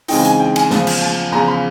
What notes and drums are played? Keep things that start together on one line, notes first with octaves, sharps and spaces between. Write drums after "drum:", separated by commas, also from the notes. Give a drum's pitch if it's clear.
C#3 E3 G#3 C4 D#4 G5, drum: open hi-hat
G#5, drum: hi-hat
G5
G#5, drum: cymbal
E2 C#3 F3 A5, drum: snare
drum: cymbal
A5
E2 C#3 F3 A#5
B5